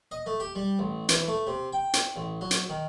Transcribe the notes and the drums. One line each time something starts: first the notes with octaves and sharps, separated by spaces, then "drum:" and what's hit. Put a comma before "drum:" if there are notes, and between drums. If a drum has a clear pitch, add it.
D#5
A3
G4
G3
A1
E3, drum: hi-hat
A3
C3
G5
drum: hi-hat
A1
F#3
drum: hi-hat
D#3